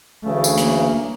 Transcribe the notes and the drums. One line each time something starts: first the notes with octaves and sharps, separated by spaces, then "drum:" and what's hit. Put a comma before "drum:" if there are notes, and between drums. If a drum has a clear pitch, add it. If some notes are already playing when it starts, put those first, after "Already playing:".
D2 C#3 E3 A3
drum: tambourine
A#3, drum: hi-hat